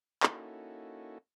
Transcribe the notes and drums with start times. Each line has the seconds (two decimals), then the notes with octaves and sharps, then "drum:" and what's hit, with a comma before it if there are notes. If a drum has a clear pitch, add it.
0.23 A#3 C#4 D#4 E4 F#4 A4, drum: clap